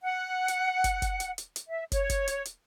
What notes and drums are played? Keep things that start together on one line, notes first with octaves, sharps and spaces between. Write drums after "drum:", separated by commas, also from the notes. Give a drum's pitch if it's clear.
F#5
drum: hi-hat
drum: kick, hi-hat
drum: kick, hi-hat
drum: hi-hat
drum: hi-hat
drum: hi-hat
E5
C#5, drum: kick, hi-hat
drum: kick, hi-hat
drum: hi-hat
drum: hi-hat